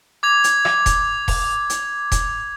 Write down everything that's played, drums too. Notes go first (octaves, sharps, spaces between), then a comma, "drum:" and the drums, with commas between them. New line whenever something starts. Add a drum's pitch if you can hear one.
D6 G#6 F7
drum: hi-hat
drum: rim click
drum: kick E1, hi-hat
drum: kick E1, open hi-hat
drum: hi-hat
drum: kick E1, hi-hat